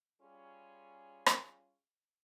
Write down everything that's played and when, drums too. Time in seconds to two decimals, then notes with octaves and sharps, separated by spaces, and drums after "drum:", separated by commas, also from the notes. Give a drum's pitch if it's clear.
0.20 G3 C#4 F4 G#4
1.26 drum: rim click